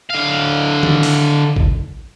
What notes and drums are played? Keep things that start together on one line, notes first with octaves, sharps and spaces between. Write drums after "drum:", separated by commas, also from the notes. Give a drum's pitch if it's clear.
D3 F5
drum: tom D#3
drum: open hi-hat
drum: kick